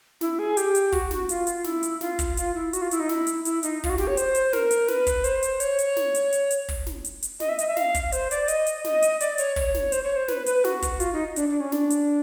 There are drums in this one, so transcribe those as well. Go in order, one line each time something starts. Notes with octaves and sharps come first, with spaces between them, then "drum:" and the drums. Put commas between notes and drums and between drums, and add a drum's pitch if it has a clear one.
E4, drum: snare
G#4
G4, drum: hi-hat
drum: hi-hat
F#4, drum: kick, open hi-hat
drum: snare
F4, drum: hi-hat
drum: hi-hat
E4, drum: snare
drum: hi-hat
F4, drum: snare
drum: kick, hi-hat
F4, drum: hi-hat
E4
F#4, drum: hi-hat
F4
E4, drum: hi-hat
D#4
E4, drum: snare
drum: hi-hat
E4, drum: hi-hat
D#4, drum: hi-hat
F4, drum: kick, open hi-hat
F#4
G4, drum: snare
C#5
C5, drum: hi-hat
drum: hi-hat
A#4, drum: snare
drum: hi-hat
B4, drum: snare
drum: kick, hi-hat
C5, drum: hi-hat
drum: hi-hat
C#5, drum: hi-hat
drum: hi-hat
drum: snare
drum: hi-hat
drum: hi-hat
drum: hi-hat
drum: kick, open hi-hat
drum: snare
drum: hi-hat
drum: hi-hat
D#5, drum: snare
E5
D#5, drum: hi-hat
E5
F5, drum: snare
drum: kick, hi-hat
C5, drum: hi-hat
D5, drum: hi-hat
D#5, drum: hi-hat
drum: hi-hat
D#5, drum: snare
drum: hi-hat
D5, drum: hi-hat
C#5, drum: hi-hat
C#5, drum: kick, open hi-hat
drum: snare
C5, drum: hi-hat
C#5
C5
B4, drum: snare
B4, drum: hi-hat
F#4, drum: snare
drum: kick, hi-hat
F4, drum: hi-hat
D#4
D4, drum: hi-hat
D4
C#4
D4, drum: snare
drum: hi-hat